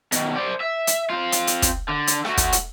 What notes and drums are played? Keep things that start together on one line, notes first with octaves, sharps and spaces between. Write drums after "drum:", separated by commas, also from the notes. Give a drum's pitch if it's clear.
B2 D#3, drum: hi-hat
C5 D5
E5
drum: hi-hat
C4 F4
drum: hi-hat
drum: hi-hat
drum: kick, hi-hat
D3
drum: hi-hat
A3 F#4, drum: rim click
drum: kick, hi-hat
drum: hi-hat